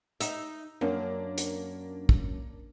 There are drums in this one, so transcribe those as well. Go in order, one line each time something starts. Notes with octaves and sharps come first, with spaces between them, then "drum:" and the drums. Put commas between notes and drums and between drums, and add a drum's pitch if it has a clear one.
D#4 E5, drum: hi-hat
F#2 A#3 D4
drum: hi-hat
drum: kick